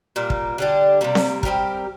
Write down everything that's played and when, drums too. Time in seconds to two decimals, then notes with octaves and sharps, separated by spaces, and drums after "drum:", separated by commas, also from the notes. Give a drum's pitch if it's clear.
0.16 A#2 G3 A#3
0.30 drum: kick
0.58 D3 G3 D4 G4
1.01 C3 G3 A#3
1.15 drum: snare C4
1.43 G3 C4 G4 A#4, drum: kick